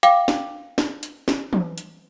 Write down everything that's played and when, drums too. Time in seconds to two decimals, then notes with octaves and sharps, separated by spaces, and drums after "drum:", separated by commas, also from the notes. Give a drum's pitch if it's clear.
0.03 F5 G5 D6, drum: hi-hat
0.28 drum: snare
0.78 drum: snare
1.03 drum: hi-hat
1.28 drum: snare
1.53 drum: tom E3
1.78 drum: hi-hat